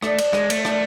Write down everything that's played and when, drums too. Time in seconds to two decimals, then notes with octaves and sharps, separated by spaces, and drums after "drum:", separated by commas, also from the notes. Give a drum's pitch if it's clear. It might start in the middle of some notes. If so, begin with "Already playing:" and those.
0.02 A3 D4, drum: rim click
0.18 drum: cymbal
0.33 G#3, drum: rim click
0.50 A3, drum: cymbal
0.65 D4, drum: rim click